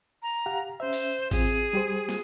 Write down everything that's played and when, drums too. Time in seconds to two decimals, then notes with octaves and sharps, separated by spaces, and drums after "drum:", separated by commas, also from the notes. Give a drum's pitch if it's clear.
0.23 A#5
0.46 G4 F5 F#5
0.80 C#4 C5 E5
0.93 drum: open hi-hat
1.31 C4 F4 G#4, drum: kick, open hi-hat
1.73 G3 G4 C5
2.09 drum: snare